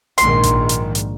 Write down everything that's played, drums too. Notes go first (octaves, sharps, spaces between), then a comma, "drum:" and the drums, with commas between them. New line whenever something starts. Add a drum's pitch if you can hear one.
A#1 G#2 D#3 C6, drum: hi-hat
drum: kick A1, hi-hat
drum: hi-hat
drum: hi-hat